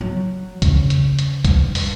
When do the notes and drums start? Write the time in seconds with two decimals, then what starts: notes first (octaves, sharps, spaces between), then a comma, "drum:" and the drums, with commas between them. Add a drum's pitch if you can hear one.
0.01 F#3
0.62 C#3, drum: kick C2, hi-hat
0.90 drum: hi-hat
1.19 drum: hi-hat
1.44 G2, drum: kick C2, hi-hat
1.75 drum: open hi-hat